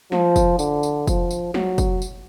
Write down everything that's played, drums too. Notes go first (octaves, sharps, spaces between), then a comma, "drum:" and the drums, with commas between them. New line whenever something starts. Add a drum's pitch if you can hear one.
F3, drum: snare
drum: kick, tambourine
D3, drum: tambourine
drum: tambourine
F3, drum: kick, tambourine
drum: tambourine
F#3, drum: snare
drum: kick, tambourine
drum: tambourine